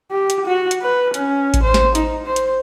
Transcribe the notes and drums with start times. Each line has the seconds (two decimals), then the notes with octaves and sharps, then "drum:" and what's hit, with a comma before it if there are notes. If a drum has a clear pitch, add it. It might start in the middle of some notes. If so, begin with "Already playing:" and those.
0.11 G4
0.30 drum: hi-hat
0.46 F#4
0.71 drum: hi-hat
0.82 B4
1.14 C#4, drum: hi-hat
1.54 drum: kick A1, hi-hat
1.63 C5
1.74 drum: snare
1.95 D#4, drum: hi-hat
2.26 C5
2.36 drum: hi-hat